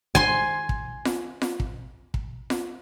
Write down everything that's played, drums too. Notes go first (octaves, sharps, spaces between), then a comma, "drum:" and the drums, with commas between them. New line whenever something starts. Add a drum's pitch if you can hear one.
G#5 C6, drum: kick
drum: kick
drum: snare F4
drum: snare F4
drum: kick
drum: kick
drum: snare F4